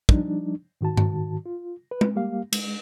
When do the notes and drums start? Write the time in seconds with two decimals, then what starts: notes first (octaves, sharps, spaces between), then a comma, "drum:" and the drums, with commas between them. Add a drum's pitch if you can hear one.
0.09 F3 G3 D4 D#4, drum: kick
0.81 G#2 D#3 F#4 A5
0.97 drum: tom G2
1.46 F4
1.91 B4
2.01 drum: tom
2.15 G3 A#3 G4 F5
2.52 G#3, drum: cymbal